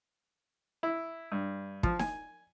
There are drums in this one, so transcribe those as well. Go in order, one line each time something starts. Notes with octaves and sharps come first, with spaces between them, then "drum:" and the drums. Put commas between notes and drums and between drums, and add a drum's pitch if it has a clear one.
E4
G2
F3, drum: kick
G#5, drum: snare D#4